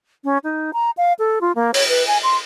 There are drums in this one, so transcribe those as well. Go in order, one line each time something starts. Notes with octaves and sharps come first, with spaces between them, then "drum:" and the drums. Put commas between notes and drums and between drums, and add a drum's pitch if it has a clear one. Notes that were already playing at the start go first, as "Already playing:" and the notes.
C#4
D#4
A#5
F5
A4
F4
A#3
C#5, drum: open hi-hat
B4
G#5
C6